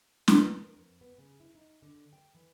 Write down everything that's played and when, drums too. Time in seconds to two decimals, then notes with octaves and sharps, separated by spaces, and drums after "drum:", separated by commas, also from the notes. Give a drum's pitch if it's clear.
0.28 drum: snare
0.37 B4
0.63 A#4
0.77 F2
1.01 B3
1.18 C#3
1.40 E4
1.55 D#4
1.82 D3
2.13 G5
2.34 E3